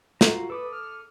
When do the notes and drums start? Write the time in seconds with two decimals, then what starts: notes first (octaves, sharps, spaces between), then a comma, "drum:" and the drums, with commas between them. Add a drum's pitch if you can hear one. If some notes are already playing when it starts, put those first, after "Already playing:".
0.21 F4 F#4 A#5, drum: snare
0.50 A4 B4 D6 D#6
0.73 F6